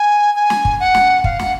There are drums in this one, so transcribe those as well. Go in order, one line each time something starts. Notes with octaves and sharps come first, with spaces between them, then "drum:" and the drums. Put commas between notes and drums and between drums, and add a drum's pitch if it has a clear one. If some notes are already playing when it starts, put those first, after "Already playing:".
Already playing: G#5
G#5
drum: snare
drum: kick
F#5
drum: snare
F5, drum: kick
F#5, drum: snare